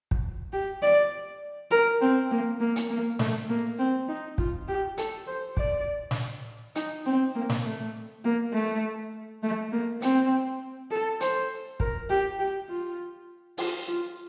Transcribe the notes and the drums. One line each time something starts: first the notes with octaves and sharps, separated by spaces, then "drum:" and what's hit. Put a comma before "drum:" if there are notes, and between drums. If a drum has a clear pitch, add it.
drum: kick
G4
D5
A#4
C4
A#3
A#3
drum: hi-hat
A#3
A3, drum: snare
A#3
C4
D#4
F4, drum: kick
G4
A4, drum: hi-hat
C5
D5, drum: kick
drum: snare
D#4, drum: hi-hat
C4
A#3
drum: snare
A3
A#3
A3
A3
A#3
C4, drum: hi-hat
A4
C5, drum: hi-hat
A#4, drum: kick
G4
G4
F4
F4, drum: open hi-hat
F4